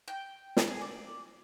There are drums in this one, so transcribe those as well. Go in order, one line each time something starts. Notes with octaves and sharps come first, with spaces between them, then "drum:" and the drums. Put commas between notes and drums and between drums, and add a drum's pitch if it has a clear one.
G5
drum: snare
G#4
D5